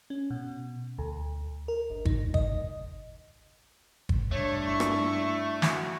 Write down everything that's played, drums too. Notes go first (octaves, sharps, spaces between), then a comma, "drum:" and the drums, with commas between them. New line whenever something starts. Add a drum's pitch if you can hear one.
C#4
B2
D2
A#4
G1
D#4, drum: kick
D#5, drum: kick
drum: kick
G2 A3 C#5
E4 C#6
drum: rim click
F#4, drum: snare